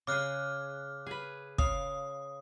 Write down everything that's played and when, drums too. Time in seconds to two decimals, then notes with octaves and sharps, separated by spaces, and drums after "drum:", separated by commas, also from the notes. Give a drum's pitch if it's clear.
0.07 C#3 G#4 D6 F6 F#6
1.06 G#4 B4
1.58 C#3 F5 D#6, drum: kick